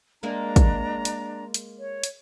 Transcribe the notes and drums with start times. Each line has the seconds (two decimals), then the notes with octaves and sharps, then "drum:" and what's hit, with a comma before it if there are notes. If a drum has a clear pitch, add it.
0.23 G#3 A#3 D4 A#4 A#5
0.56 drum: kick, hi-hat
1.05 drum: hi-hat
1.54 drum: hi-hat
1.79 C#5
2.04 drum: hi-hat